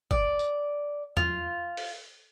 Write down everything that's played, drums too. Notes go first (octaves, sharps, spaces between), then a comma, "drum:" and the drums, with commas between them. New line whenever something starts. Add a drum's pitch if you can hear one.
D5, drum: kick G1
drum: tambourine
F4, drum: tom
drum: open hi-hat